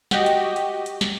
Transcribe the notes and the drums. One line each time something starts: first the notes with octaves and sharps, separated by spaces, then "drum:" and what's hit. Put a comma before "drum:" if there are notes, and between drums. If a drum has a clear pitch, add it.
F#4 G4 D#5, drum: snare
drum: hi-hat
drum: hi-hat
drum: hi-hat
drum: snare